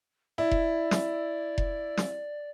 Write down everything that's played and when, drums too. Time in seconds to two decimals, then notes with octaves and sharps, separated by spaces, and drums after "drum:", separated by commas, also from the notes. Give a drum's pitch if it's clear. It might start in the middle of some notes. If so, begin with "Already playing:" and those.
0.38 E4 D5
0.51 drum: kick F1
0.91 drum: snare
1.58 drum: kick F1
1.97 drum: snare